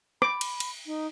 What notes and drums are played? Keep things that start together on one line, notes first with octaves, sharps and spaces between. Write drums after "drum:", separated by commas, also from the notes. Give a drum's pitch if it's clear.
B5 D6, drum: rim click
drum: cymbal
drum: cymbal
D#4